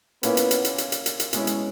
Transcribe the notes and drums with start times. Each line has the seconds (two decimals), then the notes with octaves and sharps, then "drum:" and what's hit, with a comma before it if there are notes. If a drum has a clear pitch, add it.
0.23 A#2 A#3 B3 C#4 E4, drum: hi-hat
0.37 drum: hi-hat
0.51 drum: hi-hat
0.65 drum: hi-hat
0.78 drum: hi-hat
0.92 drum: hi-hat
1.06 drum: hi-hat
1.20 drum: hi-hat
1.33 B2 G#3 C#4 E4, drum: hi-hat
1.47 drum: hi-hat